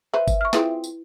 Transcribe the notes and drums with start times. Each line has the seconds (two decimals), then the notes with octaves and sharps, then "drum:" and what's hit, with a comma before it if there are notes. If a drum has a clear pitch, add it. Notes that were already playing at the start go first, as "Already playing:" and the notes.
0.14 B4 C5 E5
0.28 drum: kick G1, tambourine
0.41 C#6 F6
0.53 C4 E4 F4 G#4 B4, drum: snare
0.84 drum: tambourine